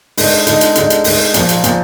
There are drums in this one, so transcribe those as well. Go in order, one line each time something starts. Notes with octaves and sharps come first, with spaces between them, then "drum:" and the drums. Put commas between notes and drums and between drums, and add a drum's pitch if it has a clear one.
D3 G#3 D#4, drum: open hi-hat
D3 G#3 D#4, drum: hi-hat
drum: hi-hat
D3 G#3 D#4, drum: hi-hat
drum: hi-hat
D3 G#3 D#4, drum: open hi-hat
A#2 F3 A#3, drum: hi-hat
drum: hi-hat
A#2 F3 A#3, drum: hi-hat